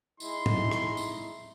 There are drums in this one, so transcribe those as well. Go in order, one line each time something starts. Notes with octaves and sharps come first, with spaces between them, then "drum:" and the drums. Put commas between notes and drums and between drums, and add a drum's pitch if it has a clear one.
G#3 D#4 E4 C6, drum: tambourine
drum: tom
drum: rim click
drum: tambourine